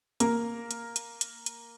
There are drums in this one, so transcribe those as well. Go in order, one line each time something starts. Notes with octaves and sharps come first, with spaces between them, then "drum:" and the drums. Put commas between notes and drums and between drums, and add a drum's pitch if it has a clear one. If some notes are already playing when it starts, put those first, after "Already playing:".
A#3 A#4, drum: hi-hat
drum: hi-hat
drum: hi-hat
drum: hi-hat
drum: hi-hat